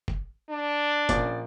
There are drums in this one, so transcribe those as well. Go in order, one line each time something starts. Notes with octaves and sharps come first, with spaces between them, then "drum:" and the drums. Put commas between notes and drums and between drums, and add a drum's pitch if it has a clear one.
drum: kick
D4
A#1 C#4 D5, drum: kick, hi-hat